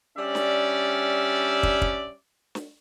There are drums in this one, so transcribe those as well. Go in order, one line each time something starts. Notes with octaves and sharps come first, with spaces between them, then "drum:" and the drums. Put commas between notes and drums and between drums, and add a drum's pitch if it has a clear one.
G3 C#4 D4 D5 E5
drum: snare
drum: kick
drum: kick
drum: snare